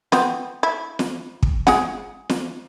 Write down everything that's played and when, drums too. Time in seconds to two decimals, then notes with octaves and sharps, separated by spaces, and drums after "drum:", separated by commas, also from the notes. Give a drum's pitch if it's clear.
0.12 B3 C4, drum: snare
0.63 E4
0.99 drum: snare
1.43 drum: kick
1.67 G#3 G#4 F#5, drum: snare
2.29 drum: snare